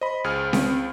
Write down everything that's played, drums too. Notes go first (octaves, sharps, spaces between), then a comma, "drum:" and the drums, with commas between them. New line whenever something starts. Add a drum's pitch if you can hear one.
C5 D#5 B5
C#2 G#4 F6
C4, drum: snare C#4